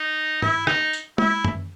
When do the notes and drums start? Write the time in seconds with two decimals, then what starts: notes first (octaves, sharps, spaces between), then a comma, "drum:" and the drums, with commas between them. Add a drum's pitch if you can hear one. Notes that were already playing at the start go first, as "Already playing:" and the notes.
Already playing: D#4
0.42 E4, drum: tom G#2
0.67 D#4, drum: rim click
0.93 drum: tambourine
1.18 E4, drum: tom G#3
1.45 drum: tom F#2